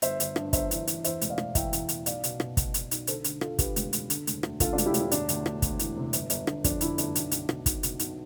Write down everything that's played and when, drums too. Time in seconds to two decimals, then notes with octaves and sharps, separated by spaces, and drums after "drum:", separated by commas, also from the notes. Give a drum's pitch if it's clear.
0.02 G1 C5 E5, drum: hi-hat
0.20 G1, drum: hi-hat
0.36 G2, drum: rim click
0.53 G1 C5 E5, drum: kick, hi-hat
0.71 E3, drum: hi-hat
0.87 E3, drum: hi-hat
1.04 E2 C5 E5, drum: hi-hat
1.21 E1, drum: hi-hat
1.30 D5 F5
1.38 E1, drum: rim click
1.55 E2 E5 G5, drum: kick, hi-hat
1.73 E2, drum: hi-hat
1.89 B2, drum: hi-hat
2.06 B1 D5 F5, drum: hi-hat
2.24 B2, drum: hi-hat
2.40 B2, drum: rim click
2.57 B2, drum: kick, hi-hat
2.74 B2, drum: hi-hat
2.91 B1, drum: hi-hat
3.07 D3 A4 C5, drum: hi-hat
3.24 D3, drum: hi-hat
3.41 D3 F4 A4, drum: rim click
3.59 D3 G4 B4, drum: kick, hi-hat
3.76 E1, drum: hi-hat
3.93 E1, drum: hi-hat
4.10 D3, drum: hi-hat
4.27 E1, drum: hi-hat
4.43 D2, drum: rim click
4.60 D2 F4 A4, drum: kick, hi-hat
4.73 D4 F4
4.78 E1, drum: hi-hat
4.86 E4 G4
4.94 E1, drum: hi-hat
4.99 E4
5.11 D2 D4, drum: hi-hat
5.29 D2, drum: hi-hat
5.46 D2, drum: rim click
5.62 D2, drum: kick, hi-hat
5.79 E3, drum: hi-hat
5.97 C3
6.13 G1, drum: hi-hat
6.30 G1, drum: hi-hat
6.47 D3, drum: rim click
6.64 F2 D4, drum: kick, hi-hat
6.81 D3 E4, drum: hi-hat
6.98 G1 D4, drum: hi-hat
7.15 B1, drum: hi-hat
7.31 B1, drum: hi-hat
7.49 B2, drum: rim click
7.66 B1, drum: kick, hi-hat
7.83 B2, drum: hi-hat
7.99 B1, drum: hi-hat